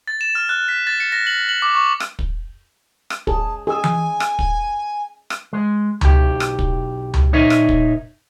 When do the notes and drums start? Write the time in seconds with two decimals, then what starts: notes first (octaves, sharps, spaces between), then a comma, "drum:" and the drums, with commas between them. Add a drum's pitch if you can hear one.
0.08 A6
0.21 E7
0.35 F6
0.49 F#6
0.68 B6
0.87 A6
1.00 C#7
1.12 A#6
1.27 F#7
1.49 F#7
1.62 D6
1.75 C#6
2.00 drum: rim click
2.19 drum: kick
3.10 drum: rim click
3.27 G#4 A5, drum: kick
3.67 G#4 G#5 E6
3.84 drum: tom E3
4.20 drum: rim click
4.39 drum: kick
5.30 drum: rim click
5.53 G#3
6.01 B1 G4, drum: tom C#2
6.40 drum: rim click
6.59 drum: kick
7.14 drum: tom C#2
7.33 A#2 D#4 A#4 C#5 D#5 E5
7.50 drum: rim click
7.69 drum: kick